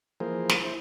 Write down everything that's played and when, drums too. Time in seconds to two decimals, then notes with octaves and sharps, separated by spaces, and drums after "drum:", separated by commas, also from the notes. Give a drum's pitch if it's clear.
0.20 E3 F3 A#3 G#4 A#4 C5
0.49 drum: snare
0.64 E4 C5